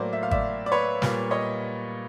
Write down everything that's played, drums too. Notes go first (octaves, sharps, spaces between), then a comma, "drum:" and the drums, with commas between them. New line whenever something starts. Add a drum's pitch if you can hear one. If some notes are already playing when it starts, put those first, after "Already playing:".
Already playing: A2 F#3 A#3 C5 D5
E5
F5
D5 E5, drum: kick G#1
D5
B4 C#5
A#2 G3 A#3, drum: snare
C#5 D#5